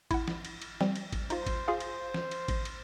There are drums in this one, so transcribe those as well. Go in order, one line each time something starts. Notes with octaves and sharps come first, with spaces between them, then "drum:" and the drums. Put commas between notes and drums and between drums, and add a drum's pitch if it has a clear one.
E4 F#5, drum: kick G#1, cymbal
drum: snare
drum: cymbal
drum: cymbal
G3 C4, drum: snare
drum: cymbal
drum: kick G#1, cymbal
D#4 F4 C5, drum: cymbal
drum: kick G#1, cymbal
F4 G#4 F5
drum: cymbal
drum: snare
drum: cymbal
drum: kick G#1, cymbal
drum: cymbal